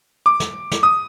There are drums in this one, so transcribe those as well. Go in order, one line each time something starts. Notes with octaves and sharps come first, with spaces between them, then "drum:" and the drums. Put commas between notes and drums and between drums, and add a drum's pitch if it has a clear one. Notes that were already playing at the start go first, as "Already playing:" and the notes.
D6
drum: snare
drum: snare
D#6